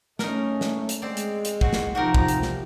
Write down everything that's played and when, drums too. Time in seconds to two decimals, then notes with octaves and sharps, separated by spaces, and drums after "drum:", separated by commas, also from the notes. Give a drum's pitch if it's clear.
0.19 A3 C#4 D#4 A#4, drum: snare
0.61 drum: snare
0.89 drum: hi-hat
1.02 G#3 C4 D5
1.17 drum: hi-hat
1.45 drum: hi-hat
1.61 C4 F#4, drum: kick
1.73 drum: snare
1.95 C3 F3 D#4 F#4 G4 A#4
2.15 drum: kick
2.28 drum: hi-hat
2.42 drum: snare